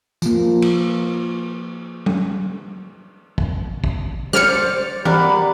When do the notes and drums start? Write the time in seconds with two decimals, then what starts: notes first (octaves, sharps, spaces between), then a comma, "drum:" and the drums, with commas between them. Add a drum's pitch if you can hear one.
0.22 F3 A#3, drum: tambourine
0.62 drum: cymbal
2.06 drum: tom F#3
3.38 drum: kick
3.84 drum: kick
4.33 C5 D5 F6 C#7, drum: snare
5.05 G3 A#4 D5 F#5 B5, drum: tom E3